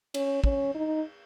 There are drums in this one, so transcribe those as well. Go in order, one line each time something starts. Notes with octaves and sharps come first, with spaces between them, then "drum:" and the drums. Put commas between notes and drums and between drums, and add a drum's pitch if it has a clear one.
C#4, drum: cymbal
C#4, drum: kick
D#4